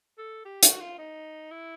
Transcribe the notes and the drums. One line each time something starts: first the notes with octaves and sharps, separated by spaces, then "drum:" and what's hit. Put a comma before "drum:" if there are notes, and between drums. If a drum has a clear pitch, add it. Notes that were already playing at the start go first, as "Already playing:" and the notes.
A4
G4
F#4, drum: hi-hat
F4
D#4
E4